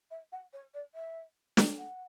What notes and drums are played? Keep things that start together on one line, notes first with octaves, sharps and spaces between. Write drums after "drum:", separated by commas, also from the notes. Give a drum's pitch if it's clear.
E5
F#5
C#5
D5
E5
drum: snare
F#5